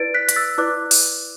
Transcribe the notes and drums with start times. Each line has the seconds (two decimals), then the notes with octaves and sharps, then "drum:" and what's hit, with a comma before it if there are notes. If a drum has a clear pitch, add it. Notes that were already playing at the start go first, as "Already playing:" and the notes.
Already playing: E4 B4 D5 A6 D7
0.14 F#6 B6
0.29 B6, drum: hi-hat
0.36 E6 A6
0.58 E4 B4 D5 D6 F#6
0.91 drum: open hi-hat